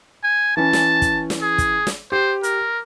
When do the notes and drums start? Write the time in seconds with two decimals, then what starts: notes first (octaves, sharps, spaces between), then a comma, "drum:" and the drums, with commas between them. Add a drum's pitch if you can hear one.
0.24 G#5
0.57 E3 C#4 A5
0.73 drum: snare
1.02 drum: kick, hi-hat
1.30 drum: snare
1.42 G#4
1.58 drum: kick, hi-hat
1.87 drum: snare
2.12 G4 C5
2.43 A#4, drum: hi-hat